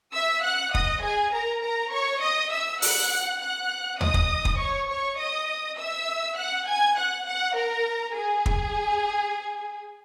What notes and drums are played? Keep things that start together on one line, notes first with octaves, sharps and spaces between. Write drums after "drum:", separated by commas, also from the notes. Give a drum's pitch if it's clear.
E5 E6
F#5 F#6
D#5 D#6, drum: kick
G#4 G#5
A#4 A#5
A#4 A#5
C#5 C#6
D#5 D#6
E5 E6
F#5 F#6, drum: open hi-hat
F#5 F#6
D#5 D#6, drum: tom D#2
drum: kick
drum: kick
C#5 C#6
C#5 C#6
D#5 D#6
E5 E6
F#5 F#6
G#5 G#6
F#5 F#6
F#5 F#6
A#4 A#5
G#4 G#5
drum: kick